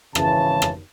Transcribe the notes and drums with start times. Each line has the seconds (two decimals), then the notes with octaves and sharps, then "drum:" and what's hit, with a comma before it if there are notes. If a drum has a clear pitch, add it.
0.15 G#1 C#3 E3 A5, drum: rim click
0.62 drum: rim click